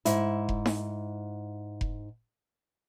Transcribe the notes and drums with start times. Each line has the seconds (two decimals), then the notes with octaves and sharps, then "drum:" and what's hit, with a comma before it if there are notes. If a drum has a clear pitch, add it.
0.05 G#2 E4, drum: hi-hat
0.49 drum: kick F1
0.66 drum: snare D#4
1.81 drum: kick F1